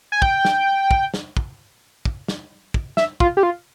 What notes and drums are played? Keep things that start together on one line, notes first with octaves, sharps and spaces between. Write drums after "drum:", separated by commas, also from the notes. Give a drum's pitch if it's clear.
G#5
G5, drum: kick
drum: snare
drum: kick
drum: snare
drum: kick
drum: kick
drum: snare
drum: kick
E5, drum: snare
F4, drum: kick
G4
F4